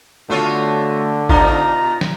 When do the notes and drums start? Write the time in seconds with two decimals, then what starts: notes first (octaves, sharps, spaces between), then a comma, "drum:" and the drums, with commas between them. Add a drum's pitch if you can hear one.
0.30 D3 A3 B3 F4 F#4 A4 C#5
1.29 B2 D4 D#4 F4 A#4 D5 A#5, drum: kick G#1
2.01 drum: snare